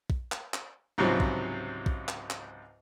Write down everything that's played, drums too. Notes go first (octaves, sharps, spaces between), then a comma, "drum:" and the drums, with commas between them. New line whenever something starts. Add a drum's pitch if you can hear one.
drum: kick
drum: clap
drum: clap
C#2 G#2 C3 F3 F#3
drum: kick
drum: kick
drum: clap
drum: clap